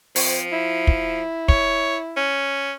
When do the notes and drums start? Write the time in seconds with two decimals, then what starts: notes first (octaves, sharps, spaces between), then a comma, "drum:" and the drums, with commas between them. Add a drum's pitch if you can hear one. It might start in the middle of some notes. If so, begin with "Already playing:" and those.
0.16 F3 C4, drum: open hi-hat
0.52 E4
0.87 drum: kick
1.48 C#5, drum: kick
2.17 C#4